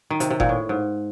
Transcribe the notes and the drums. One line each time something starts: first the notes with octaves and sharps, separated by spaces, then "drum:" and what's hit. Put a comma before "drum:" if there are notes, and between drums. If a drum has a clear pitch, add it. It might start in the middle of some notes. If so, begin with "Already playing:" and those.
D#3
C3, drum: hi-hat
C3
A#2, drum: kick F#1
A2
G#2